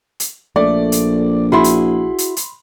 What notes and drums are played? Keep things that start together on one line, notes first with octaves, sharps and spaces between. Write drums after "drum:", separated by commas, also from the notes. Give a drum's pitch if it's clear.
drum: hi-hat
A#1 A3 D5
drum: hi-hat
E4 F#4 G#4 B5 C6
drum: hi-hat
drum: hi-hat
drum: hi-hat